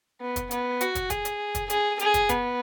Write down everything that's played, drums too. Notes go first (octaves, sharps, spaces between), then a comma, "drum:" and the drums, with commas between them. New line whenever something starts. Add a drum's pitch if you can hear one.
B3
drum: kick, hi-hat
B3, drum: hi-hat
F#4, drum: hi-hat
drum: kick, hi-hat
G#4, drum: kick, hi-hat
drum: hi-hat
drum: kick, hi-hat
G#4, drum: hi-hat
G#4, drum: hi-hat
drum: kick, hi-hat
B3, drum: kick, hi-hat